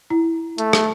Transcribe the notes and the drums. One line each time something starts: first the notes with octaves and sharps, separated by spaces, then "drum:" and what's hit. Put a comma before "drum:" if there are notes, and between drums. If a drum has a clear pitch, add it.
E4
A3, drum: hi-hat
drum: rim click